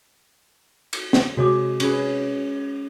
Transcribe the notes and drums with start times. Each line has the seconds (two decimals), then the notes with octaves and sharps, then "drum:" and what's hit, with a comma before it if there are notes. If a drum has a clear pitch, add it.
0.93 drum: cymbal
1.13 drum: snare
1.37 C3 G#3 C4 F#4 C#5 D6
1.80 C#4 G#4 B4, drum: cymbal